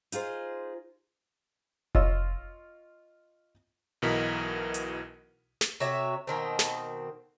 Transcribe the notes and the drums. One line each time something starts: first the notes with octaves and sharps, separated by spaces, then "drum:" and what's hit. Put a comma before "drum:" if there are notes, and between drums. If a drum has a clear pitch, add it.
D#4 F4 G#4 C5, drum: hi-hat
F4 C#5 D#5 E6, drum: kick F1
B1 B2 E3 A#4 D#5 B6
drum: hi-hat
drum: snare
C3 F#4 C#5 E5
B2 D#3 C4
drum: snare